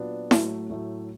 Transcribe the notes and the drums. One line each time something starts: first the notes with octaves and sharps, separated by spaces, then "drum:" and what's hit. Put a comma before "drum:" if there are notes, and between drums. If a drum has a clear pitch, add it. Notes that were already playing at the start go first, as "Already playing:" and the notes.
Already playing: A#2 F#3 B3 D4
A2 F#3 A3, drum: snare E4
A2 F#3 A3